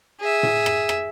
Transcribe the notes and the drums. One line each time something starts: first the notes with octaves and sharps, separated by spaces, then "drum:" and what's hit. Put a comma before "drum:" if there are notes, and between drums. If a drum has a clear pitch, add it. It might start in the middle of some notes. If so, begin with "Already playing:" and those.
G#4 E5
drum: tom A2
drum: rim click
drum: rim click